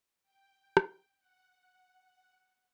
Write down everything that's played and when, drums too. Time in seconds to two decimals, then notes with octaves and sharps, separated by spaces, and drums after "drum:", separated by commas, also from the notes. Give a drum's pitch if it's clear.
0.23 G5
0.77 drum: rim click
1.19 F#5